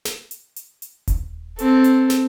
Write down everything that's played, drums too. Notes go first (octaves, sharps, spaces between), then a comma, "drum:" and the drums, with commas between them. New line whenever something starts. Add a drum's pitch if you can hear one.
drum: snare
drum: hi-hat
drum: hi-hat
drum: hi-hat
drum: kick D#1, hi-hat
C4 A4, drum: hi-hat
drum: hi-hat
drum: snare